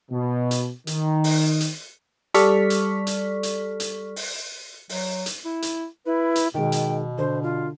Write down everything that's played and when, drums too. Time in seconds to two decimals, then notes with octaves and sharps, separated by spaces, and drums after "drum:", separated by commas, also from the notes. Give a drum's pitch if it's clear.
0.11 B2
0.51 drum: hi-hat
0.87 D#3, drum: hi-hat
1.24 drum: open hi-hat
1.60 drum: hi-hat
2.34 G3 A4 D5 C#6 F6 B6, drum: hi-hat
2.70 drum: hi-hat
3.07 drum: hi-hat
3.43 drum: hi-hat
3.80 drum: hi-hat
4.16 drum: open hi-hat
4.89 F#3, drum: open hi-hat
5.26 drum: hi-hat
5.45 E4
5.62 drum: hi-hat
6.06 E4 B4
6.36 drum: hi-hat
6.54 B2 D#3 G#3 G5
6.72 drum: hi-hat
7.18 D3 C5
7.43 F4